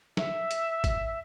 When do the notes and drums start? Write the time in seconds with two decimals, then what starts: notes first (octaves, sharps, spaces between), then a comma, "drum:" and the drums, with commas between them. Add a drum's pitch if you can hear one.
0.17 E5, drum: snare
0.51 drum: hi-hat
0.84 drum: kick, hi-hat